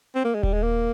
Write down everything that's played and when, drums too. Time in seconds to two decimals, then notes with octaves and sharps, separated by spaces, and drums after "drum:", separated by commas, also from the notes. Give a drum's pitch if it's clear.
0.15 C4
0.24 A#3
0.34 G#3
0.43 G3, drum: kick D#1
0.53 G#3
0.63 A#3